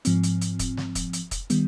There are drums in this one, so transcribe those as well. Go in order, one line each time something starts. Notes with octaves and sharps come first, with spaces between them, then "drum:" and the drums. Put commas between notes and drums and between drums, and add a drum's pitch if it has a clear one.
G#2 F3 C4, drum: hi-hat
drum: hi-hat
drum: hi-hat
drum: kick, hi-hat
drum: snare
drum: kick, hi-hat
drum: hi-hat
drum: kick, hi-hat
D#3 G3 B3, drum: hi-hat